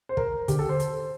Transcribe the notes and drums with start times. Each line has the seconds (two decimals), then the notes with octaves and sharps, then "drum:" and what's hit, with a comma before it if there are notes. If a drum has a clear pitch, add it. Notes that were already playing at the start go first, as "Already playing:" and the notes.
0.09 C5
0.17 A#4, drum: kick
0.48 D3 G4, drum: kick, hi-hat
0.59 A4
0.69 C5
0.80 drum: hi-hat